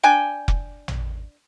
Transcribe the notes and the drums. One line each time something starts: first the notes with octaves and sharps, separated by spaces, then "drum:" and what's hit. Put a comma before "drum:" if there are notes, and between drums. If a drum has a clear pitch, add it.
D4 G5 G#5
drum: kick F1
drum: tom A1